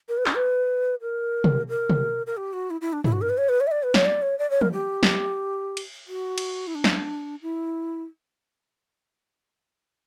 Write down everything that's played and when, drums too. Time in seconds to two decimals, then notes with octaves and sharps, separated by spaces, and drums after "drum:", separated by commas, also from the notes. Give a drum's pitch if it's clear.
0.09 A#4
0.18 B4
0.26 C#4, drum: clap
0.34 B4
1.02 A#4
1.44 drum: tom
1.69 A#4
1.90 drum: tom
2.27 A#4
2.37 G4
2.53 F#4
2.70 E4
2.81 E4
2.93 D4
3.04 E4, drum: tom
3.13 F#4
3.21 A#4
3.30 B4
3.38 C#5
3.49 B4
3.60 C#5
3.67 E5
3.71 D5
3.83 B4
3.94 C#5, drum: snare
4.05 D5
4.22 C#5
4.39 D5
4.50 C#5
4.61 A#4, drum: tom
4.73 G4
5.03 drum: snare
5.77 drum: cymbal
6.08 F#4
6.38 drum: cymbal
6.67 E4
6.75 D4
6.84 drum: snare
7.42 E4